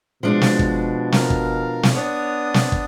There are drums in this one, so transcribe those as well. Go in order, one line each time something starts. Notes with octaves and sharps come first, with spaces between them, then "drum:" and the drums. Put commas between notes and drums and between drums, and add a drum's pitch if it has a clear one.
B2 F3 G#3 D4
drum: snare
drum: kick
A#4 F5, drum: snare
drum: kick
drum: snare
B3 D4 C#5 D#6
drum: snare
drum: kick